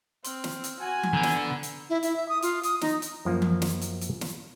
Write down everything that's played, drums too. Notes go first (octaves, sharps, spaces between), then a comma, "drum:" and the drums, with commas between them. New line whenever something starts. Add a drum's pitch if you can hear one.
C4 C6 F6, drum: hi-hat
drum: snare
drum: hi-hat
F#4 G#5
drum: tom E3
D3 B3 A#5 E6 G#6
drum: snare
drum: hi-hat
E4
E4, drum: hi-hat
E5
D#6
F4, drum: hi-hat
D#6, drum: hi-hat
D#4, drum: snare
drum: hi-hat
F#2 F3 A#3
drum: tom E3
drum: snare
drum: hi-hat
drum: hi-hat
drum: snare